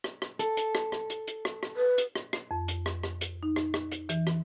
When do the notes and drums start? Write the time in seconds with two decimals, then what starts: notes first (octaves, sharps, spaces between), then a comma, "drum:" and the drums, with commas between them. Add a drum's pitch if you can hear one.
0.04 drum: rim click
0.22 drum: rim click
0.39 A4, drum: hi-hat
0.57 drum: hi-hat
0.75 drum: rim click
0.92 drum: rim click
1.10 drum: hi-hat
1.27 drum: hi-hat
1.45 drum: rim click
1.63 drum: rim click
1.76 B4
1.98 drum: hi-hat
2.15 drum: rim click
2.33 drum: rim click
2.51 F2
2.68 drum: hi-hat
2.86 drum: rim click
3.03 drum: rim click
3.21 drum: hi-hat
3.43 D#4
3.56 drum: rim click
3.74 drum: rim click
3.92 drum: hi-hat
4.09 E3, drum: hi-hat
4.27 drum: rim click